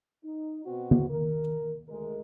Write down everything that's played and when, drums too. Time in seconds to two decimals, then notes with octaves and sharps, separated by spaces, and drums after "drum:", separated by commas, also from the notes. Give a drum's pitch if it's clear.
0.23 D#4
0.66 B2 C4 F#4
0.91 drum: tom
1.10 A#4
1.89 D2 G#3 A#4